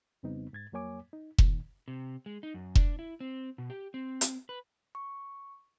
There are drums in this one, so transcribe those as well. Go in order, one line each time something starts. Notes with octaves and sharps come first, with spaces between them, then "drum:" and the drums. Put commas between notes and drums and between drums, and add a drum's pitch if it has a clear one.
F2 C#3 G3 B3 C4 D#4
G#2 G#6 A6
F2 F#3 A#3 C#5 G#5 D6
D#4
A#2 D#3, drum: kick F1
C3
G#3
D#4
F#2
D4, drum: kick F1
E4
C4
B2
G4
C4
drum: hi-hat
B4
C#6